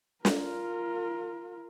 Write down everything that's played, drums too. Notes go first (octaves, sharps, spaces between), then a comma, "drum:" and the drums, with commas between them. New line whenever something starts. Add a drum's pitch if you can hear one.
F4 A#4, drum: snare